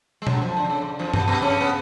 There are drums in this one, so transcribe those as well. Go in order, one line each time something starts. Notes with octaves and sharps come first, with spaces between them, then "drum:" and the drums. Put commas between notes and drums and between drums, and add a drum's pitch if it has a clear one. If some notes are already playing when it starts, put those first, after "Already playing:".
G#3
F#2 F#3, drum: tom B2
F2 F3
D3
B2
C#3
D3
F2 F3
B2 B3, drum: tom G2
B2 B3
C#3 C#4
B3